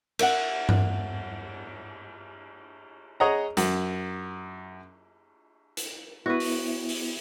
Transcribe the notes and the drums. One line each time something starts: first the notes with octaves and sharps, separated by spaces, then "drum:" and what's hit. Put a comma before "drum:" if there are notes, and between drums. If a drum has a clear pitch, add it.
A#4 E5 F#5, drum: cymbal
drum: tom G2
G#4 C#5 D#5 F#5 A#5
F#2, drum: hi-hat
drum: hi-hat
B3 E4 F#4 B4
drum: open hi-hat
drum: open hi-hat